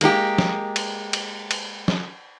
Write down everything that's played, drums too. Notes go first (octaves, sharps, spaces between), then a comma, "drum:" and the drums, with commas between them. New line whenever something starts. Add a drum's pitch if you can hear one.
G#3 A#3 D#4 G4, drum: cymbal
drum: snare
drum: cymbal
drum: cymbal
drum: cymbal
drum: snare